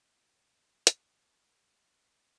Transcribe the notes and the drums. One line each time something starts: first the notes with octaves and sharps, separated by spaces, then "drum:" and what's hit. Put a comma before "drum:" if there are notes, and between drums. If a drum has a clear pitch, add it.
D4 F#4 G5
drum: hi-hat